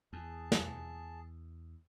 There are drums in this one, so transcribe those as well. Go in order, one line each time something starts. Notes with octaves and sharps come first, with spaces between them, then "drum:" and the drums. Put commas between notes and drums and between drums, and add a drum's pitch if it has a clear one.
E2 G#4 A5
drum: snare